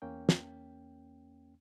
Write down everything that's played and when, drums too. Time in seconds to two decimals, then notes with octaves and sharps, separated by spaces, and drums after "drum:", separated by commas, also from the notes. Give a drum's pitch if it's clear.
0.02 E2 A#3 C#4 G5
0.29 drum: snare